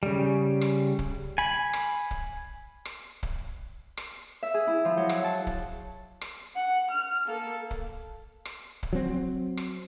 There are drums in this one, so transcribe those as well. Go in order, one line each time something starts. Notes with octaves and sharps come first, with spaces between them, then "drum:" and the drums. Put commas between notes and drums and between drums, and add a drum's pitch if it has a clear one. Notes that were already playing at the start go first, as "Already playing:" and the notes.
C#3 G3
drum: rim click
drum: kick
G#5 B5
drum: rim click
drum: kick
drum: rim click
drum: kick
drum: rim click
E5
G#4
E4
F3
F#3
F#5, drum: rim click
A5
drum: kick
drum: rim click
F#5
F6
A#3 A4
drum: kick
drum: rim click
drum: kick
F#3 C4
drum: rim click